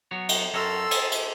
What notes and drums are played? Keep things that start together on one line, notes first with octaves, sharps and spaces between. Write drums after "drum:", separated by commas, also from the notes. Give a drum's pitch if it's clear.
F#3 B3 C#5
drum: cymbal
F#2 A4 A#4 C#5 C6 E6
G#4, drum: cymbal
drum: cymbal